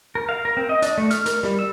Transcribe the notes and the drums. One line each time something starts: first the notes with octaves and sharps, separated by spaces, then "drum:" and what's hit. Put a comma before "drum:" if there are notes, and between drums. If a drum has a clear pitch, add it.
A#4
F5
A#4
C4
D#5
D4, drum: hi-hat
A3
F6, drum: hi-hat
A#4, drum: hi-hat
G3, drum: snare
E6